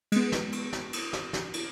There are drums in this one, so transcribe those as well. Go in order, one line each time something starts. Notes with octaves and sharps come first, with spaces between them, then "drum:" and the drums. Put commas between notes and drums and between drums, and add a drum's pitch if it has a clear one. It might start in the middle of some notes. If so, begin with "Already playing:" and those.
G#3 B3, drum: cymbal
drum: snare
drum: cymbal
drum: snare
drum: cymbal
drum: snare
drum: snare
drum: cymbal